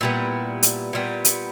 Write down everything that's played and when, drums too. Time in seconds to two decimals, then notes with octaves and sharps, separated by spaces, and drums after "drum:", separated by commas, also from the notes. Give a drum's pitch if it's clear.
0.01 A#2 G3 B3 E4
0.63 drum: hi-hat
0.93 A#2 G3 B3
1.25 drum: hi-hat